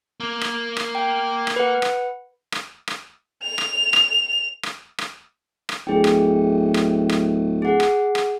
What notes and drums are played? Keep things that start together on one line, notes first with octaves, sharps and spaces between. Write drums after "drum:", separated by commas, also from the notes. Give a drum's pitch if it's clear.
A#3
drum: rim click
drum: rim click
G5
drum: rim click
B4 F#5
drum: rim click
drum: rim click
drum: rim click
F7
drum: rim click
drum: rim click
drum: rim click
drum: rim click
drum: rim click
D1 G#4 G5
drum: rim click
drum: rim click
drum: rim click
G#4 F#5
drum: rim click
drum: rim click